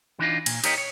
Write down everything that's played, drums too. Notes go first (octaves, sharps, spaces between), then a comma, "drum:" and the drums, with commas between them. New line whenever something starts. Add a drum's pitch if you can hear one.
E3 D4 D#4 F4
A#2, drum: cymbal
D#4 G4 A#4 C#5 D#5, drum: cymbal
C#5